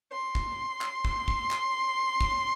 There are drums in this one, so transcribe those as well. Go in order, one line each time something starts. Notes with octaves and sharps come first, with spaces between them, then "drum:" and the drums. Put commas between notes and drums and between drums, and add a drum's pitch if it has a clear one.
C6
drum: kick
drum: clap
drum: kick
drum: kick
drum: clap
drum: kick